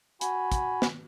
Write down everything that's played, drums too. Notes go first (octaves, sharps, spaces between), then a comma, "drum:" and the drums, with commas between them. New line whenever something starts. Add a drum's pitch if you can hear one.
F#4 G#5 B5, drum: hi-hat
drum: kick, hi-hat
drum: snare